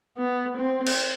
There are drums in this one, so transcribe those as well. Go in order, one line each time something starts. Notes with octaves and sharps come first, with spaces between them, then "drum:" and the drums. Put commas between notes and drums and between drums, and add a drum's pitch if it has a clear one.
B3
C4
drum: cymbal